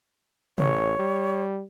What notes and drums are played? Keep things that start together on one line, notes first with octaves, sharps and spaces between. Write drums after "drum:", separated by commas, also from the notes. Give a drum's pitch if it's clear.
A1 C#5, drum: tom C3
G3